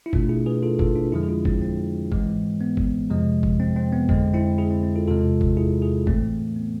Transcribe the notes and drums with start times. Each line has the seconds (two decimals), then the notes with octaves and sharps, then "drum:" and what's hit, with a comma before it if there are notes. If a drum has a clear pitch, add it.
0.06 E4
0.13 B2 A3 D4 F4, drum: kick G1
0.29 E4 G#4
0.46 G#4 B4
0.63 F4 A4
0.79 F4 A4, drum: kick G1
0.96 D4 F4
1.12 F2 D3 F3 G#3 E4 G#4
1.23 G#4
1.29 D4 F4
1.45 C4, drum: kick G1
1.62 C4
2.12 G#2 E3 G#3, drum: kick G1
2.61 B3
2.77 drum: kick G1
3.10 F2 C3 F3 G#3
3.43 drum: kick G1
3.60 C4
3.76 C4
3.92 B3
4.09 F2 D3 G#3 C4, drum: kick G1
4.34 C4 E4
4.58 E4 G#4
4.71 C4
4.83 C4
4.96 F4 A4
5.08 E2 C3 G#3 F4 A4
5.41 drum: kick G1
5.57 E4 G#4
5.82 E4 G#4
6.07 A2 E3 A3 C4, drum: kick G1
6.56 B3